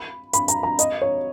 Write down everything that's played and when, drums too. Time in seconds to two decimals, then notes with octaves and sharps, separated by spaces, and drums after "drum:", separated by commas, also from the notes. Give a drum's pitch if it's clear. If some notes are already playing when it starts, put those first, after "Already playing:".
Already playing: B5
0.33 B5, drum: hi-hat
0.48 A#5, drum: hi-hat
0.63 A#5
0.79 D#5, drum: hi-hat
1.02 C#5